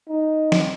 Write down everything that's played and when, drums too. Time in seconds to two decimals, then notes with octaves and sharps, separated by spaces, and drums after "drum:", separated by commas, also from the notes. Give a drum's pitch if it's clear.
0.09 D#4
0.52 drum: snare